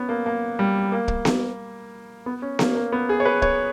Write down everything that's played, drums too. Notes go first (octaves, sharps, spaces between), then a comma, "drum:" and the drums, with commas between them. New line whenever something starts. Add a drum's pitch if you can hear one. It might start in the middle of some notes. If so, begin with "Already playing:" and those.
Already playing: B3 C#4
A#3
A#3
G3
A#3
drum: kick
drum: snare B3
B3
C#4
A#3, drum: snare B3
A#3
B3
G#4
C#5
B4
C#5, drum: kick